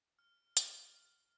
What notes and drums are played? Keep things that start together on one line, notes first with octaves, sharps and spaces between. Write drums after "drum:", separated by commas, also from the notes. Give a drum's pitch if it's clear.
F6
drum: hi-hat